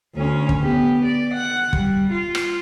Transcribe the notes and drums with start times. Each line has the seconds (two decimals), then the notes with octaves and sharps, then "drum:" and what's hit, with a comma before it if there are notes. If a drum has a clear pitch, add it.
0.16 D2 C#4
0.49 drum: kick
0.61 B3 G4
1.04 D5
1.33 F#5
1.73 G3, drum: kick
2.12 F4
2.35 drum: rim click